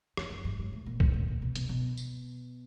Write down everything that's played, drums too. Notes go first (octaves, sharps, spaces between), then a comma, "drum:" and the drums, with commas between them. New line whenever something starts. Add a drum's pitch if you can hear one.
F2, drum: rim click
F#2
G2
G#2
A2
A#2
A2, drum: kick C2
A2
A#2
B2
B2, drum: hi-hat
B2
drum: tambourine